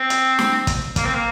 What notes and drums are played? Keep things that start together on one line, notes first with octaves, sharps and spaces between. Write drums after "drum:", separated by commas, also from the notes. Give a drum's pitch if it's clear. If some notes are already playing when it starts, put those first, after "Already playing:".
Already playing: C4
drum: hi-hat
drum: snare
drum: kick, hi-hat
A#3, drum: kick, hi-hat
C4
A#3